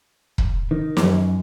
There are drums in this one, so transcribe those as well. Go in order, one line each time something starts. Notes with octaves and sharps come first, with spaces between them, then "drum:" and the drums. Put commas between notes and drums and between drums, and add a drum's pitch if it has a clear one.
drum: kick
D#3
F#2, drum: snare